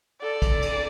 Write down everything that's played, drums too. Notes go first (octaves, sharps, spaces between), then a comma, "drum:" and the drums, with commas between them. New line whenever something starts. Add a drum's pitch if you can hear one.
A4 D5
drum: kick, cymbal
drum: cymbal